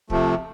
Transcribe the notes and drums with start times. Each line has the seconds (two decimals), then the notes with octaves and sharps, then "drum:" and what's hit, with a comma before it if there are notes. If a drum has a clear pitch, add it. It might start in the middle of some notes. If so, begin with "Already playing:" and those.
0.10 C3 F3 A3, drum: kick